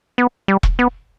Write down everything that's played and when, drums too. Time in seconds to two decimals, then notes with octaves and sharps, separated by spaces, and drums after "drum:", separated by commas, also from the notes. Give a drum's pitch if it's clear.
0.18 B3
0.48 G3
0.63 drum: kick E1
0.79 B3